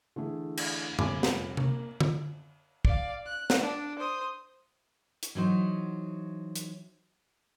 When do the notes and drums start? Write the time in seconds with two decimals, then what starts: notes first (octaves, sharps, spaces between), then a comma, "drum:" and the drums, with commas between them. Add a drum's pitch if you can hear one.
0.16 D3 E3 A3 G#4 A4
0.57 drum: cymbal
0.99 F1 A#1 G3 G#5 B5 D6, drum: tom F#2
1.23 drum: snare
1.57 A#3, drum: tom C3
2.01 drum: tom D3
2.85 D5 F5, drum: kick
3.26 F#6
3.50 drum: snare
3.60 D4
3.99 C5 D#6
5.23 drum: hi-hat
5.35 E3 F#3 D#4 C5
6.56 drum: hi-hat